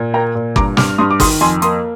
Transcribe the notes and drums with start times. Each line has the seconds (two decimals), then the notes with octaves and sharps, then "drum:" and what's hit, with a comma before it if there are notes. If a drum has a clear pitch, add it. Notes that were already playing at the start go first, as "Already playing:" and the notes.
Already playing: A#2
0.14 A#3 G5 A#5
0.35 A#2
0.56 G2 A#5 D6, drum: kick
0.77 G2 D6 F6, drum: snare
0.98 G2 C6 D#6
1.11 D6
1.20 D#3 C6 D#6, drum: kick, open hi-hat
1.41 F2 G#5 C6
1.62 A#3 C6 D#6, drum: hi-hat